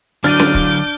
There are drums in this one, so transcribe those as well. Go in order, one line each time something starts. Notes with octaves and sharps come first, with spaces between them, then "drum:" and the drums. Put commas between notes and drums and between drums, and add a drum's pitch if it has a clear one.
D3 F#3 D4 D6 F6 G6 A6 D#7
drum: snare C#4
drum: kick